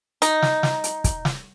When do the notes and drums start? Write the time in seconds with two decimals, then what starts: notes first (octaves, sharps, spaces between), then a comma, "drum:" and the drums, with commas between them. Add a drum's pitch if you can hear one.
0.22 D#4, drum: hi-hat
0.42 drum: snare
0.63 drum: snare
0.84 drum: hi-hat
1.04 drum: kick, hi-hat
1.25 drum: snare